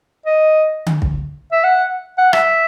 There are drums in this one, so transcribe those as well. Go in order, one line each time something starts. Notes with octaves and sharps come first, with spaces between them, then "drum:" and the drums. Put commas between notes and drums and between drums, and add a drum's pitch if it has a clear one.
D#5
drum: tom D3
drum: kick
E5
F#5
F#5
E5, drum: rim click